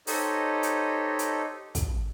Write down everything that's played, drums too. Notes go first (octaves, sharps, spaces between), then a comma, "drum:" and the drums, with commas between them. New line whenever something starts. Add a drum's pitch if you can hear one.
D#4 G4 A4 C5 C#5 D#5, drum: open hi-hat
drum: hi-hat
drum: hi-hat
drum: kick, hi-hat